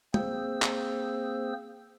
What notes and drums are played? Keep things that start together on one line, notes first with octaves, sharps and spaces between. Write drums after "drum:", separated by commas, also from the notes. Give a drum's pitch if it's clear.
A#3 C4 G#4 C5 E6, drum: tom
drum: clap